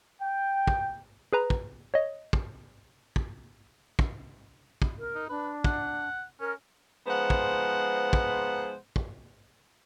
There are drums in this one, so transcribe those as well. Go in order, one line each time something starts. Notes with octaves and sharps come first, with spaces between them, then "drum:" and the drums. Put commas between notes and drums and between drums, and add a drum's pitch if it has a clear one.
G5
drum: kick
G#4 B4 A#5
drum: kick
C#5 D#5
drum: kick
drum: kick
drum: kick
drum: kick
A#4
D#4
D4 B4
F#5, drum: kick
C#4 A#4
F3 G#3 B3 D#4 C5 F#5
drum: kick
drum: kick
drum: kick